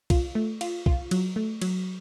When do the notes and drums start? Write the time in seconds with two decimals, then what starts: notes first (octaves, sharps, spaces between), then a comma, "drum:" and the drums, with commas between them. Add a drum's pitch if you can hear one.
0.10 F4, drum: kick C2, cymbal
0.35 A3
0.61 F4, drum: cymbal
0.86 F4, drum: kick C2
1.11 F#3, drum: cymbal
1.36 A3
1.62 F#3, drum: cymbal